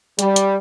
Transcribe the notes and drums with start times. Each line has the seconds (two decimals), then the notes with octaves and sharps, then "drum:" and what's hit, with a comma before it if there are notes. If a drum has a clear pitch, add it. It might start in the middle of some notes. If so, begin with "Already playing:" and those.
0.19 G3, drum: hi-hat
0.36 drum: hi-hat